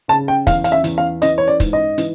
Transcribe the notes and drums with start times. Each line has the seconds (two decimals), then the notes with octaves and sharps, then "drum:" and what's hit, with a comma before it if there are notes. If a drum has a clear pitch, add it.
0.08 C#3 A5
0.28 G5
0.47 E2 F5, drum: kick, hi-hat
0.64 F5, drum: hi-hat
0.72 E5
0.84 E2, drum: hi-hat
0.98 F5
1.22 E3 D#5, drum: hi-hat
1.38 C#5
1.48 D5
1.60 G#2, drum: kick, hi-hat
1.73 D#5
1.98 E3, drum: hi-hat